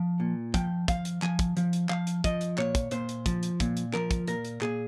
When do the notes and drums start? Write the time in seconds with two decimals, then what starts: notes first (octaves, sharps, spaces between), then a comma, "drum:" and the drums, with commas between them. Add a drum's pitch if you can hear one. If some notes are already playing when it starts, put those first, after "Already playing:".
Already playing: F3
0.20 A#2
0.54 F3 G5, drum: kick, hi-hat
0.88 F3 F5, drum: kick, hi-hat
1.05 drum: hi-hat
1.22 F3 G#5, drum: clap
1.39 drum: kick, hi-hat
1.57 F3, drum: hi-hat
1.73 drum: hi-hat
1.89 F3 F5, drum: clap
2.07 drum: hi-hat
2.24 F3 D#5, drum: kick, hi-hat
2.41 drum: hi-hat
2.58 A#2 C#5, drum: clap
2.75 drum: kick, hi-hat
2.91 A#2 C5, drum: hi-hat
3.09 drum: hi-hat
3.26 F3, drum: kick, hi-hat
3.43 drum: hi-hat
3.60 A#2, drum: kick, hi-hat
3.77 drum: hi-hat
3.94 F3 A#4, drum: clap
4.11 drum: kick, hi-hat
4.27 A#2 A#4, drum: hi-hat
4.45 drum: hi-hat
4.61 A#2 G#4, drum: clap